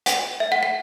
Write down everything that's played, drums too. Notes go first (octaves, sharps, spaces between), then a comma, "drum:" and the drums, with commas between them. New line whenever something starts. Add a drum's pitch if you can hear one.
F#5, drum: hi-hat
E5
F#5
F#5